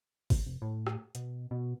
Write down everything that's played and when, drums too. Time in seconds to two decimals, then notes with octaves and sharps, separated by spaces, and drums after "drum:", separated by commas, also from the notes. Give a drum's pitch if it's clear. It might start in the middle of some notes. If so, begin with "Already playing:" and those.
0.30 drum: kick, open hi-hat
0.45 F1
0.62 A2
0.87 drum: rim click
1.15 B2, drum: hi-hat
1.51 B2